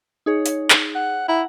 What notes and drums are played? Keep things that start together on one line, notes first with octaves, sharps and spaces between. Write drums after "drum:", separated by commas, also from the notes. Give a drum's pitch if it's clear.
D#4 G#4 C#5
drum: hi-hat
drum: clap
F#5
E4 F#5 A#5